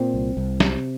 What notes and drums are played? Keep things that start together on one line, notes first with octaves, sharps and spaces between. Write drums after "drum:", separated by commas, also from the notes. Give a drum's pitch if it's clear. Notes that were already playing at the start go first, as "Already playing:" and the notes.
Already playing: A#2 C4
C2
C2
C3, drum: snare